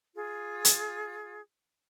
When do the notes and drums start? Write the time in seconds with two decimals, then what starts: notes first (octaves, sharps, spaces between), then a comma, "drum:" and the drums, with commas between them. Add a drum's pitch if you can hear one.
0.15 F4 G#4
0.65 drum: hi-hat